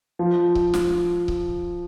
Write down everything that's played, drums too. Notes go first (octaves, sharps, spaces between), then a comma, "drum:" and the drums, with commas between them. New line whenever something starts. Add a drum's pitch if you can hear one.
F3
drum: kick C#1
drum: snare
drum: kick C#1